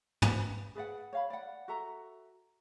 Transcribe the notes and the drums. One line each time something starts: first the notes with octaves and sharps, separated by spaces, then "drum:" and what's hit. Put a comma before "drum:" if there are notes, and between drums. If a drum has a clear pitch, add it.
B4 C5, drum: tom
G#4 B4 D5 F#5
C#5 F5 B5
D5 F#5
F#4 A4 E5 A#5